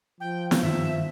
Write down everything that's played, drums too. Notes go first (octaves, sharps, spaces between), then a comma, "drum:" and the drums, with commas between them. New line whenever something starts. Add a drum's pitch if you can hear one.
F3 G5
drum: snare
G2 D#3 E5